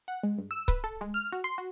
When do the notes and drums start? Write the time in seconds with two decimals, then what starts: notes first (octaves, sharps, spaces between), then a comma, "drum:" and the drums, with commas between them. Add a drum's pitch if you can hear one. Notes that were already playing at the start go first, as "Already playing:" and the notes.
0.08 F#5
0.23 G#3
0.38 G2
0.51 E6
0.68 B4, drum: kick C#1
0.84 A4
1.01 G#3
1.14 F6
1.32 F#4
1.44 C6
1.58 F#4